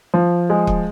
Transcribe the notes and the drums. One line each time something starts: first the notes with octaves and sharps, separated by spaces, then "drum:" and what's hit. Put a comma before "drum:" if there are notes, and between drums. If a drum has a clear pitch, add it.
F3
G#3
drum: kick